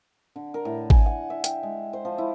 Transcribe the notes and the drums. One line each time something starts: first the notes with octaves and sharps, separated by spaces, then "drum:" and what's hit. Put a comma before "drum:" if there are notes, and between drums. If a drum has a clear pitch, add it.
D3
A#4
A2
G#5, drum: kick G#1
F#5
E5
G5, drum: hi-hat
G#3
C5
F3
E4